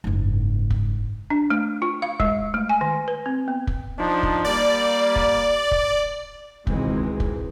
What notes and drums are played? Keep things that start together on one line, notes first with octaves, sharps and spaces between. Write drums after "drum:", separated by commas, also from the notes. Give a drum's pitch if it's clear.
F#1 G#2
drum: kick
D4
A3
F4
F5
G#3, drum: kick
A3
G#5
D#3
B4
C4
B3
drum: kick
F3 D4 D#4
drum: kick
G3 A#3 D5
drum: kick
drum: kick
C#2 B2 D#3 E3 G#3 C4, drum: kick
drum: kick